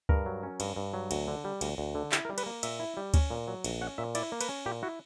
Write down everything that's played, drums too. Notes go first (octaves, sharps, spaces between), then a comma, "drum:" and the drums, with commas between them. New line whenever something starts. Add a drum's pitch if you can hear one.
G2 A#4, drum: kick D2
F#3
C#4
G2, drum: cymbal
G2
F#3
D2, drum: cymbal
D3
G3
D2, drum: cymbal
D2
D3
E4 G4, drum: clap
A#4
G3
B4, drum: cymbal
A#3
A#2 E5, drum: cymbal
E4
G3
C#4, drum: kick D2, cymbal
A#2
F#3
A#1, drum: cymbal
C#4 F#5
A#2 E5
E4 D5, drum: cymbal
A#3
B4, drum: cymbal
C#4
A#2 G4
E4 F#4